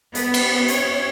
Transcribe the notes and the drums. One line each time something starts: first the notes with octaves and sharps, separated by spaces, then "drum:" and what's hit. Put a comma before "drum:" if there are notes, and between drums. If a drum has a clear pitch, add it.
B3, drum: hi-hat
drum: cymbal
C#5, drum: hi-hat